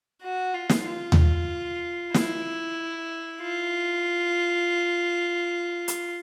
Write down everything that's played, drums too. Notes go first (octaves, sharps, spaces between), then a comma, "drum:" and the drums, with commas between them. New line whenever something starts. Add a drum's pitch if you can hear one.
F#4
F4
drum: snare
F4
drum: tom D#2
E4, drum: snare
F4
drum: hi-hat